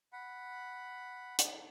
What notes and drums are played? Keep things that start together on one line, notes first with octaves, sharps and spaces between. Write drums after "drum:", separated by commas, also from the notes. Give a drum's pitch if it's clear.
F#5 B5
drum: hi-hat